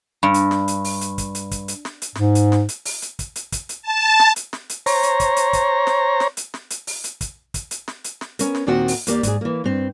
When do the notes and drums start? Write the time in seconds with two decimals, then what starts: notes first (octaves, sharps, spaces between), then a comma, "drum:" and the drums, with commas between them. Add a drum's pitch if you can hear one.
0.23 G2
0.34 drum: hi-hat
0.51 drum: snare
0.68 drum: hi-hat
0.84 drum: open hi-hat
1.01 drum: hi-hat
1.18 drum: kick, hi-hat
1.35 drum: hi-hat
1.51 drum: kick, hi-hat
1.68 drum: hi-hat
1.85 drum: snare
2.02 drum: hi-hat
2.15 G#2, drum: snare
2.35 drum: hi-hat
2.52 drum: snare
2.69 drum: hi-hat
2.85 drum: open hi-hat
3.02 drum: hi-hat
3.19 drum: kick, hi-hat
3.36 drum: hi-hat
3.52 drum: kick, hi-hat
3.69 drum: hi-hat
3.82 A5
4.19 drum: snare
4.36 drum: hi-hat
4.53 drum: snare
4.70 drum: hi-hat
4.86 C5 C#5 A#5, drum: open hi-hat
5.03 drum: hi-hat
5.20 drum: kick, hi-hat
5.36 drum: hi-hat
5.53 drum: kick, hi-hat
5.87 drum: snare
6.20 drum: snare
6.37 drum: hi-hat
6.54 drum: snare
6.70 drum: hi-hat
6.87 drum: open hi-hat
7.04 drum: hi-hat
7.21 drum: kick, hi-hat
7.54 drum: kick, hi-hat
7.71 drum: hi-hat
7.88 drum: snare
8.04 drum: hi-hat
8.21 drum: snare
8.39 B3 C#4 A#4, drum: hi-hat
8.55 drum: snare
8.67 D#2 A#2 D#3 C4 F#4 F#5
8.88 drum: open hi-hat
9.07 D#2 A#3 G4 D5, drum: hi-hat
9.23 G#2 G#4, drum: kick, hi-hat
9.41 E3 A#3
9.64 G2 C4